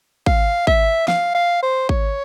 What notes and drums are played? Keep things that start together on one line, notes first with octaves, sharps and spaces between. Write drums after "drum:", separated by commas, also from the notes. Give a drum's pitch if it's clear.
F5, drum: kick
E5, drum: kick
F5, drum: snare
F5
C5
C#5, drum: kick